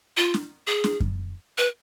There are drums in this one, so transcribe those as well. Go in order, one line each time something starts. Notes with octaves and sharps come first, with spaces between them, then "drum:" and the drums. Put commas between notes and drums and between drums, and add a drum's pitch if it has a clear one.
F4
drum: snare
G#4
drum: snare
drum: kick F#2
B4